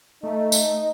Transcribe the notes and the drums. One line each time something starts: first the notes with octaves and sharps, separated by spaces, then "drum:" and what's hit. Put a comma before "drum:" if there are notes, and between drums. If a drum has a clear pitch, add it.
A3 D#4
drum: tambourine